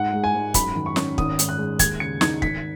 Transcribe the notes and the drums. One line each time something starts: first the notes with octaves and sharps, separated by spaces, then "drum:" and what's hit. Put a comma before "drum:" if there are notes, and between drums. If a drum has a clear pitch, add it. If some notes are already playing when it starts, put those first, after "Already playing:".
Already playing: G#2 F#5
G#3
G#5
G#2
F#2 B5, drum: kick, hi-hat
D#3
C#6
C#4, drum: snare
G#1 D#6, drum: kick
G#2, drum: hi-hat
F#6
G#3
D#2 G#6, drum: kick, hi-hat
C#3 C#7
D#4 G#6, drum: snare
G#1 B6, drum: kick